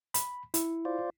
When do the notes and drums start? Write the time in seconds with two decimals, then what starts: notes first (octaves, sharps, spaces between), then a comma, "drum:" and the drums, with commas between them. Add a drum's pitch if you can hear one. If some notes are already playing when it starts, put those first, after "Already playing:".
0.14 B5, drum: hi-hat
0.54 E4, drum: hi-hat
0.85 F4 C5 D5